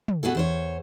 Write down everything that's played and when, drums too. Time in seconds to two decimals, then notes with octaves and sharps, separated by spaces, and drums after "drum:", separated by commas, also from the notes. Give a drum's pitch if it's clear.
0.08 drum: tom
0.23 B3 F#4 G#4 A4
0.35 E2 C5 C#5